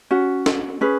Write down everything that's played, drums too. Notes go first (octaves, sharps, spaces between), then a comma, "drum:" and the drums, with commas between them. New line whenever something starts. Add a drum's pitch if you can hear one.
C#4 F#4
drum: snare
C#4 G#4 B4